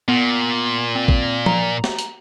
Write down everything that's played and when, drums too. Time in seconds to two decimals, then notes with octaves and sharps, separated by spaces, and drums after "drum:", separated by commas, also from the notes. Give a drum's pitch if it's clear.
0.08 A#2 B3
0.95 C4
1.08 drum: kick
1.46 A#5, drum: tom F3
1.84 drum: snare
1.99 drum: hi-hat